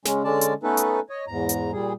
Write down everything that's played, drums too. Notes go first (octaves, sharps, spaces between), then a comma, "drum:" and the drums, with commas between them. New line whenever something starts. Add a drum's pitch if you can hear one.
C#3 G#3 C#4, drum: snare
D3 G#3 C#4 D5 A5
drum: hi-hat
A3 B3 C#4 D#4 A4 B4
drum: hi-hat
C#5 D#5
E2 G#2 A#5
drum: hi-hat
A#2 G3 G#4